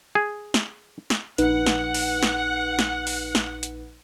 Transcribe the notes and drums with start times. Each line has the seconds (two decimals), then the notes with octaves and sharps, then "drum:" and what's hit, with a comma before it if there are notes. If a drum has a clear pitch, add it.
0.15 G#4
0.54 drum: snare
1.10 drum: snare
1.38 A#1 D#4 B4 F#5, drum: hi-hat
1.66 drum: snare
1.94 drum: open hi-hat
2.23 drum: snare
2.79 drum: snare
3.07 drum: open hi-hat
3.35 drum: snare
3.63 drum: hi-hat